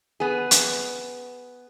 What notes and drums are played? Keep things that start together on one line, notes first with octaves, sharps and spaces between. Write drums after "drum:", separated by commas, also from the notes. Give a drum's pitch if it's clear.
B3 G#4
drum: hi-hat